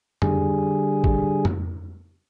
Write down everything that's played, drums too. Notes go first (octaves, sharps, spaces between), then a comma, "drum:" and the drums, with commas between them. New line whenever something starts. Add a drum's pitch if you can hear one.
D3 G3 G#4, drum: tom F2
drum: kick
drum: tom F2